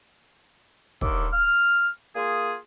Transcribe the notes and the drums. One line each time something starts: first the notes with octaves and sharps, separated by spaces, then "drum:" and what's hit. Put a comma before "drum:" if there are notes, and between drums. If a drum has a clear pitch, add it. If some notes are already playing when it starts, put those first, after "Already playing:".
D#2 D3 D#3 E5 D6, drum: kick
F6
A#3 F4 G#4